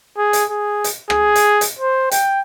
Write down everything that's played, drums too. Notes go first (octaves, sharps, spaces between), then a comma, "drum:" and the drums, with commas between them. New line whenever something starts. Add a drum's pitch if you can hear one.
G#4
drum: hi-hat
G#4
drum: hi-hat
G#4, drum: rim click
drum: hi-hat
drum: hi-hat
C5
G5, drum: hi-hat